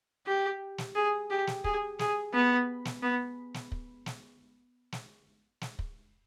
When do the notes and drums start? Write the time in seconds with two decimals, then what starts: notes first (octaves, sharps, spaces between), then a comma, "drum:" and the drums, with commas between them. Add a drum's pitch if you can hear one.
0.27 G4
0.78 drum: snare
0.95 G#4
1.30 G4
1.47 drum: snare
1.64 G#4, drum: kick
1.99 G#4, drum: snare
2.33 B3
2.85 drum: snare
3.02 B3
3.54 drum: snare
3.72 drum: kick
4.06 drum: snare
4.92 drum: snare
5.61 drum: snare
5.79 drum: kick